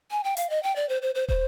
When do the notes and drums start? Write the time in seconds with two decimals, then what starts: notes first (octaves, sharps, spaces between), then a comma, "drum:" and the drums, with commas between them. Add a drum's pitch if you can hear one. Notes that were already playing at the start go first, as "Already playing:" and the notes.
0.11 G#5
0.24 G5
0.37 F5, drum: hi-hat
0.50 D#5
0.63 G5
0.76 D5
0.89 C5
1.02 C5
1.15 C5
1.28 C5, drum: kick